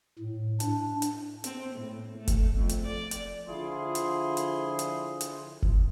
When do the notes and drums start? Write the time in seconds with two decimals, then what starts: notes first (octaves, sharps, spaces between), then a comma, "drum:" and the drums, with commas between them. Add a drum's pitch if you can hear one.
0.19 A2
0.60 D4, drum: hi-hat
1.02 drum: hi-hat
1.44 C4, drum: hi-hat
1.76 A2
2.18 A3
2.28 drum: kick, hi-hat
2.55 F2
2.69 drum: hi-hat
2.86 D5
3.11 drum: hi-hat
3.49 D3 F3 E4 F4 G#4 C6
3.95 drum: hi-hat
4.37 drum: hi-hat
4.79 drum: hi-hat
5.21 drum: hi-hat
5.62 drum: kick